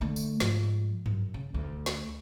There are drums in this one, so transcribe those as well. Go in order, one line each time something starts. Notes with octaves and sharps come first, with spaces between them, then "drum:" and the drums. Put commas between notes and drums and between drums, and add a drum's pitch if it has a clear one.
D3 A3
drum: tambourine
G#2 F3, drum: snare
F#2, drum: tom G2
C#3
D2
drum: snare